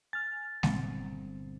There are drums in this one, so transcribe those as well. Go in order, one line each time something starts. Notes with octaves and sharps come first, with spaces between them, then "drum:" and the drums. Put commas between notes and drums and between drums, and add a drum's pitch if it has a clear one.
G#5 F6 A6
G1 A#2 C4, drum: snare G#3